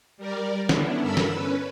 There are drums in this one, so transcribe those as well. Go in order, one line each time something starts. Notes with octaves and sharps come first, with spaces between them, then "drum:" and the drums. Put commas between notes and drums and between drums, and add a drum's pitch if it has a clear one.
G3 A#4 D5
D3 B3 C#4 D4 E4, drum: snare
G2 A4 A#4 B5 E6
drum: snare
C#4 B4